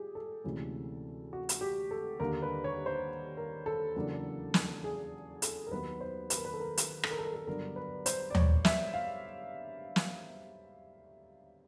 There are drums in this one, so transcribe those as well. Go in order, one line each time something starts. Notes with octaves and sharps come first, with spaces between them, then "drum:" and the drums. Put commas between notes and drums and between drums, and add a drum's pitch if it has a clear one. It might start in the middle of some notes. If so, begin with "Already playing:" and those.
Already playing: G#3 F4 G4 G#4
A4
D2 C3 E3 G#3 C#4
F#4
drum: hi-hat
G4
A4
D#2 D3 G3 A#3 D4 A#4
B4
C#5
C5
A#4
A4
E2 C#3 F#3 A#3 D4
drum: snare
G#4
A4, drum: hi-hat
A#4
D#2 D#3 F#3 B3 B4
C5
B4, drum: hi-hat
A#4
B4
A4
A#4
drum: hi-hat
A4, drum: rim click
A#4
A4
A#4
A4
G2 D3 F#3 B3 A#4
B4
C5, drum: hi-hat
D5
C#5, drum: tom D#2
E5, drum: snare
F5
drum: snare